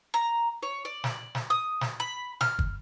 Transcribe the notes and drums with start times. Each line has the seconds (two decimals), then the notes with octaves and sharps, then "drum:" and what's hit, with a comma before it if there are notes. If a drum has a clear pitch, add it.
0.14 A#5
0.63 C#5
0.85 D5
1.04 drum: snare
1.35 drum: snare
1.50 D#6
1.81 drum: snare
2.00 B5
2.41 F6, drum: snare
2.59 drum: kick